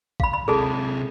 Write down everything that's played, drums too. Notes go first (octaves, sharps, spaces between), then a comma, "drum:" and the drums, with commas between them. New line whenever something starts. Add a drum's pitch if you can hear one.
F5 B5, drum: kick
B5
C3 G#3 G#4 A4 A5